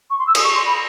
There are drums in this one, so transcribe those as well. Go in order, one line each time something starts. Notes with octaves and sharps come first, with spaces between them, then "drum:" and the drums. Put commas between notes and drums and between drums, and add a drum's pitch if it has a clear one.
C#6
C6
E6
D#6, drum: cymbal
C#6
C6
B5